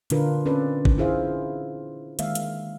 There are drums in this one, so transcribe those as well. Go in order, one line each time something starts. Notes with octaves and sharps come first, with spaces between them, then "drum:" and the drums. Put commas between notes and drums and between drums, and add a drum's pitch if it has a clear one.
A#2 D3 D4 F4 A#4 B4, drum: hi-hat
C4 C#4 A4 B4 D5
drum: kick
E4 F4 G#4 C5 E5 F5
D#3 G#3 A#3 E5 F5, drum: hi-hat
drum: hi-hat